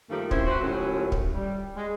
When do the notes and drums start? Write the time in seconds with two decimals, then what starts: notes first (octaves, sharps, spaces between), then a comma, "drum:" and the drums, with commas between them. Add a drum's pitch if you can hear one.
0.10 G2 D#3 F3 A3 A#3 G4
0.31 C4 C#4 E4 C5, drum: kick
0.47 C4 F#4 B4 C5
0.61 D#2 A2 F3 F#3 A3 C#4
1.12 drum: kick
1.34 G3
1.76 G#3